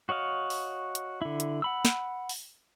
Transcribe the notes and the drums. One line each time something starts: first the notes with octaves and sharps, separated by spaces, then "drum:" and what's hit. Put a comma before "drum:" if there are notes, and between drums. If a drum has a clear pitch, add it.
F#4 C#5 D#5 F5
drum: open hi-hat
drum: hi-hat
D3 E4
drum: hi-hat
F#5 B5 E6
drum: snare
drum: open hi-hat